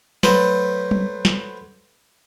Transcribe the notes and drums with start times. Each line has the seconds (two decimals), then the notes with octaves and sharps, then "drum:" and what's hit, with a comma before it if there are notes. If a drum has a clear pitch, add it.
0.23 F#3 A3 B4 C5, drum: snare
0.91 drum: tom F#3
1.25 drum: snare